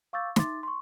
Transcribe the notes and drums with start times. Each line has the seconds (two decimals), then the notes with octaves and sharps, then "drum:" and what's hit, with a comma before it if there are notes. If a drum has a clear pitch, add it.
0.13 F5 C#6 D6 E6 G6 A6
0.36 D#4 E5 C6 D6 A6, drum: snare
0.63 C6 C#6